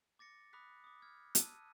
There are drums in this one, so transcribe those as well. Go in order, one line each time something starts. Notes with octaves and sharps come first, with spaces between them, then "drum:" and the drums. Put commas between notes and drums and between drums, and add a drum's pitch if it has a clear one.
D6 A6 A#6 C#7
B5 D6 D#6 F#6 B6
D6 D#6
F6 G#6
A5 E6 F#6 D#7, drum: hi-hat